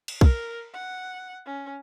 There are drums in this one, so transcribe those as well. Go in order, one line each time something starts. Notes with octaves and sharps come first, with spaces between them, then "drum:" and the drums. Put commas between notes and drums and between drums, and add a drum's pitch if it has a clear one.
drum: cymbal
A#4, drum: kick
F#5
C#4